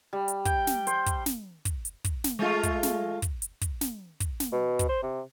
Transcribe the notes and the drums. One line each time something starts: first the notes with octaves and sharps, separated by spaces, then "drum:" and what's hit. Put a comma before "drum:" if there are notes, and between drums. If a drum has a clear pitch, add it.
G3
drum: hi-hat
G5, drum: kick, hi-hat
drum: snare
C5, drum: hi-hat
drum: kick, hi-hat
drum: snare
drum: kick, hi-hat
drum: hi-hat
drum: kick, hi-hat
drum: snare
G#3 A3 F4
drum: kick, hi-hat
drum: snare
drum: kick, hi-hat
drum: hi-hat
drum: kick, hi-hat
drum: snare
drum: kick, hi-hat
drum: snare
B2
drum: kick, hi-hat
C5
C3